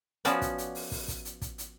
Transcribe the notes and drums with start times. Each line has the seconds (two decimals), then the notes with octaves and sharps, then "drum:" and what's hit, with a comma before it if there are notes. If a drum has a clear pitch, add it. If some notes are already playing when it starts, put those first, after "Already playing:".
0.25 F3 B3 C#4 F#4 D5, drum: hi-hat
0.42 drum: kick, hi-hat
0.58 drum: hi-hat
0.75 drum: open hi-hat
0.92 drum: kick, open hi-hat
1.08 drum: kick, hi-hat
1.25 drum: hi-hat
1.42 drum: kick, hi-hat
1.58 drum: hi-hat